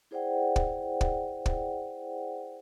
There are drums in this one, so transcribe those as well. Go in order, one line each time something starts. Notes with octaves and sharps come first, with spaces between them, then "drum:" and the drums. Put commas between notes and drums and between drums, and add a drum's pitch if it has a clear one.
E4 G#4 C5 D5 F#5 G5
drum: kick
drum: kick
drum: kick